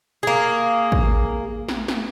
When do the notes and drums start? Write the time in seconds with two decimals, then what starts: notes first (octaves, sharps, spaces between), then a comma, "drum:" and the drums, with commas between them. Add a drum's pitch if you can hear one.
0.23 A#3 G#4
0.92 drum: kick
1.69 drum: snare
1.88 drum: snare